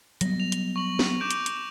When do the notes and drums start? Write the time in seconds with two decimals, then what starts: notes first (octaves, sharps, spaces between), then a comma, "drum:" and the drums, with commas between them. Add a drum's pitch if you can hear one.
0.21 F#3 G3 B3 A#6, drum: hi-hat
0.40 F7
0.52 drum: hi-hat
0.76 C#6 F#7
0.99 drum: snare
1.20 D6 G6 D7
1.31 drum: hi-hat
1.46 drum: hi-hat